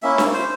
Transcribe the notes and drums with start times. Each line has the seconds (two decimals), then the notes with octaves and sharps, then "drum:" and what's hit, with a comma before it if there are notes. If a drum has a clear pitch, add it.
0.02 A#3 C#4 E4 E5
0.18 drum: snare
0.33 C5